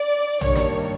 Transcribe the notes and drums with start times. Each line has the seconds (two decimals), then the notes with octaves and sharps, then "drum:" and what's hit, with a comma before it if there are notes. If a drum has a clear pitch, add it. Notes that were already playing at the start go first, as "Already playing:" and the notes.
Already playing: D5
0.41 G2 D#3 G3 A#3 D4 C#5, drum: tom
0.55 drum: snare